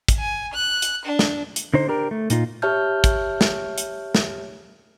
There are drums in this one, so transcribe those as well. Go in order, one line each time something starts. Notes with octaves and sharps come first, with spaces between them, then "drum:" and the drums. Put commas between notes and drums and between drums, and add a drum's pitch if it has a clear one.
drum: kick, hi-hat
G#5
F#6
drum: hi-hat
D4
drum: snare
drum: hi-hat
D3 D#4 C5
D4 G4 A#4
A3
A#2 D#4 F4, drum: hi-hat
G4 C#5 E5 A5 F6 G6
drum: kick, hi-hat
drum: snare
drum: hi-hat
drum: snare